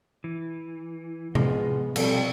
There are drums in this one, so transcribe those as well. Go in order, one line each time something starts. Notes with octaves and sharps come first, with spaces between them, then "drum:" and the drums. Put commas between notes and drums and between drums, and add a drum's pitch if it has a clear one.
E3
F3 G#3 B3 F4 D#5, drum: tom C3
B2 F3 G3 C4 A4, drum: cymbal